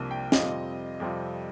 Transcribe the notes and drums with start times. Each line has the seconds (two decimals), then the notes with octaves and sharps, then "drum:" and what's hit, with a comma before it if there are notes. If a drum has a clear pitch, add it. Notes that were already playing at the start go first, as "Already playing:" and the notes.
Already playing: C2 C3 F3 A#3 D4
0.11 G5
0.32 F2 C3 G3 C4 F4 D#5, drum: snare
1.00 F2 C3 G3 C4 F4